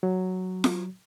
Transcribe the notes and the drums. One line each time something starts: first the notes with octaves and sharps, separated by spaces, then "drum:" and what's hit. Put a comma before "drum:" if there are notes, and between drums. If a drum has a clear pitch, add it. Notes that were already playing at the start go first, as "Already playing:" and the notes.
F#3
drum: snare F4